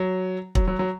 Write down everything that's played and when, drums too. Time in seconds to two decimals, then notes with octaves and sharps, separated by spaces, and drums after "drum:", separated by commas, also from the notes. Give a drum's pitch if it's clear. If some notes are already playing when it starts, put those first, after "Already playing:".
Already playing: F#3
0.55 F#3, drum: kick
0.68 F#3
0.79 F#3